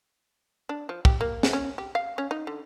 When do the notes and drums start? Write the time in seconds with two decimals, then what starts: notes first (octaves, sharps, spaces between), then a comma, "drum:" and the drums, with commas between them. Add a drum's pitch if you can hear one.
0.69 D4
0.89 F3
1.05 G4, drum: kick
1.21 A#3
1.43 drum: snare
1.53 C#4
1.78 G4
1.95 F5
2.18 C#4
2.31 D#4
2.47 D3